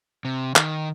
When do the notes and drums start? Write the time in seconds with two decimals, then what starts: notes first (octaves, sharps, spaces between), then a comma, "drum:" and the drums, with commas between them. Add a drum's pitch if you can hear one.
0.25 C3
0.56 D#3, drum: clap